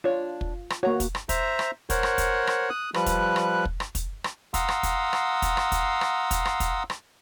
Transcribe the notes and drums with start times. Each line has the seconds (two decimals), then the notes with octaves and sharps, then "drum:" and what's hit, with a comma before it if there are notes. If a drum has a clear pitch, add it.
0.04 D4 F4 C#5
0.41 drum: kick
0.70 drum: rim click
0.83 A#3 F#4 C#5 A#5
1.00 drum: kick, hi-hat
1.15 drum: rim click
1.29 C5 E5 A#5, drum: kick, hi-hat
1.59 drum: rim click
1.90 A#4 C5 C#5 F#5, drum: kick, hi-hat
2.03 drum: rim click
2.18 drum: kick, hi-hat
2.47 drum: rim click
2.70 D#6 F#6
2.94 F3 G3 B4 F#6, drum: rim click
3.06 drum: kick, hi-hat
3.36 drum: rim click
3.65 drum: kick
3.80 drum: rim click
3.95 drum: kick, hi-hat
4.24 drum: rim click
4.54 F5 F#5 A#5 C6 D#6 E6, drum: kick, hi-hat
4.69 drum: rim click
4.83 drum: kick, hi-hat
5.13 drum: rim click
5.42 drum: kick, hi-hat
5.57 drum: rim click
5.72 drum: kick, hi-hat
6.01 drum: rim click
6.31 drum: kick, hi-hat
6.45 drum: rim click
6.60 drum: kick, hi-hat
6.90 drum: rim click